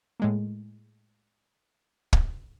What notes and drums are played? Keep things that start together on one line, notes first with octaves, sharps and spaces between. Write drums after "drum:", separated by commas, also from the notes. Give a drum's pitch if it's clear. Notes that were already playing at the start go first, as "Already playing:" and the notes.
A2 G#3 A#3
drum: kick